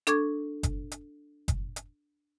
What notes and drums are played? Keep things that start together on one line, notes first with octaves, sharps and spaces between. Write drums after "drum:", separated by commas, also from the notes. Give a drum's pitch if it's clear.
D4 A4 C#6 D6 G#6, drum: hi-hat
drum: kick F#1, hi-hat
drum: hi-hat
drum: kick F#1, hi-hat
drum: hi-hat